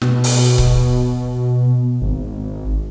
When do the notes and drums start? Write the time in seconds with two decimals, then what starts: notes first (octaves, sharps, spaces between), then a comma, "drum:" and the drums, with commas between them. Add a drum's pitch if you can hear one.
0.02 B2, drum: snare
0.24 drum: open hi-hat
0.58 drum: kick C#1
2.01 G#1